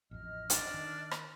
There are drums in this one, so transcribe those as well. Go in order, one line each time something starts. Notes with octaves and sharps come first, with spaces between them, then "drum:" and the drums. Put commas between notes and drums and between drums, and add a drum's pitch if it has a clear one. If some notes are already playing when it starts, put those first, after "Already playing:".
A1 F2 D#5 F6
D4, drum: hi-hat
D#3
drum: rim click